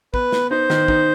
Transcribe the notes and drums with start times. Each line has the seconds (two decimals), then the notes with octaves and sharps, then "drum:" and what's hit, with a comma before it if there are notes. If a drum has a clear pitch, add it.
0.14 B3 B4, drum: kick
0.32 B3, drum: snare
0.51 D#4 C5
0.70 D#3, drum: snare
0.88 D#4, drum: kick